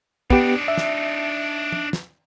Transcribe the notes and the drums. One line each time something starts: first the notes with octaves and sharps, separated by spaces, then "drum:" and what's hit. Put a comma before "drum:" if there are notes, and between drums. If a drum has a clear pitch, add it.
B3 D4 D#4 G4, drum: kick
E5
drum: snare
drum: tom
drum: snare